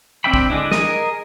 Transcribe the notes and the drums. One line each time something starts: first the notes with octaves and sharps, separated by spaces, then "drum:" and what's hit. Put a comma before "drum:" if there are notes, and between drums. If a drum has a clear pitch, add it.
C4 D4 E5 G5 B5
drum: kick
D3 G#3 D4 E4
G#4 A#4 D#5, drum: snare